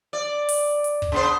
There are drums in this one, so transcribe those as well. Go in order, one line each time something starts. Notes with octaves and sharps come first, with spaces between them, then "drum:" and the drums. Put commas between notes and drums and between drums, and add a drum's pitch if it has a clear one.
D5
drum: open hi-hat
drum: hi-hat
drum: kick
C#3 B3 C5